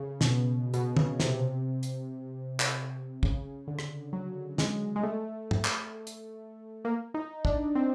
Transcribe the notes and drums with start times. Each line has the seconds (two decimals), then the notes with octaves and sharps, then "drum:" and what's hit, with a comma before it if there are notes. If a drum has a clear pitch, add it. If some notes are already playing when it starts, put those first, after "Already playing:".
Already playing: C#3
0.21 B2, drum: snare
0.74 B2, drum: hi-hat
0.97 C#3, drum: tom
1.20 C3, drum: snare
1.83 drum: hi-hat
2.60 drum: clap
3.23 C#3, drum: kick
3.68 D3
3.79 drum: rim click
4.13 F#3
4.58 G#3, drum: snare
4.96 G#3
5.03 A3
5.51 drum: tom
5.65 drum: clap
6.07 drum: hi-hat
6.85 A#3
7.14 D#4
7.45 D4, drum: kick
7.75 C4